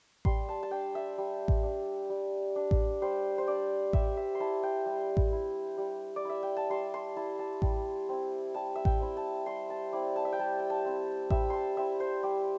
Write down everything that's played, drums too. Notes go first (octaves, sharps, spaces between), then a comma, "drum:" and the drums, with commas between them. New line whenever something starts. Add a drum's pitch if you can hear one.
G3 C6, drum: kick A1
A5
A5
D4 G5
E5
G3
drum: kick A1
D4
G3
D4
drum: kick A1
G3 C5
C5
D4 D5
G3 E5, drum: kick A1
E5
C6
E4 A5
G5
G3
drum: kick A1
E4
G3
D5
E4 E5
G5
A5
G3 C6
C6
E4 A5
A5
G3, drum: kick A1
C4 E4
G3 A5
E5
G5, drum: kick A1
C4 E4
A5
G3 C6
A5
C4 E4 D5
A5
E5
G5
G3 A5
G5
A5
C4 E4
G3 E5, drum: kick A1
A5 C6
C4 E4 E5
C5
G3 G4